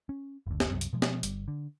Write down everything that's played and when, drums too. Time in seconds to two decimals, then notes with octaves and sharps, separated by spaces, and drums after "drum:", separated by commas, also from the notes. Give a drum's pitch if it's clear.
0.09 C#4
0.47 F#1 D2
0.60 drum: snare
0.71 C2 F#2
0.81 drum: hi-hat
0.93 B2 F3 G#3
1.02 drum: snare
1.23 G1 G3, drum: hi-hat
1.48 D3